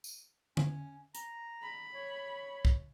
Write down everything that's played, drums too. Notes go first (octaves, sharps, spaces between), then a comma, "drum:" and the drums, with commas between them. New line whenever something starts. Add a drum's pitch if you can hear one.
drum: tambourine
C#4, drum: tom D3
A#5, drum: hi-hat
B5
C#5
drum: kick